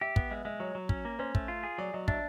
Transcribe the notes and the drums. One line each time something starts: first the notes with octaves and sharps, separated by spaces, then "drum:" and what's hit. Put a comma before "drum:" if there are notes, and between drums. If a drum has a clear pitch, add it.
G4 E5
B3, drum: kick
G#3 E5
G#3 E5
F#3 C#5
F#3
C#4, drum: kick
A#3
C#4 C5
A3, drum: kick
F4
G#4
F#3 D5
F#3 D#5
D4 E5, drum: kick